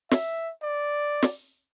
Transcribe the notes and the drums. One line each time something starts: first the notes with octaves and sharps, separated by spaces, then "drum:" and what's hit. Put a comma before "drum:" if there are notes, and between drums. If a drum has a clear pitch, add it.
E5, drum: snare
D5
drum: snare